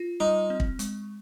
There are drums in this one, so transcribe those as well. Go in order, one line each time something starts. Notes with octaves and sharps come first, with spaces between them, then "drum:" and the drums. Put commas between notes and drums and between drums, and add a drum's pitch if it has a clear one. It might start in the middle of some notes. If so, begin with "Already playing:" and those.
Already playing: F4
G3 D#4
C4
drum: kick
G#3, drum: hi-hat